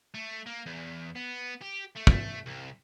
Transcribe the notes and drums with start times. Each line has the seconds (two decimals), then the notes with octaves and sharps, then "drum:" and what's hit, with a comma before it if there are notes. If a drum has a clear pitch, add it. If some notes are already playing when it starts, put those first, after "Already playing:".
0.14 A3
0.46 A#3
0.66 E2
1.15 B3
1.62 G4
1.96 A3
2.07 drum: kick
2.46 C2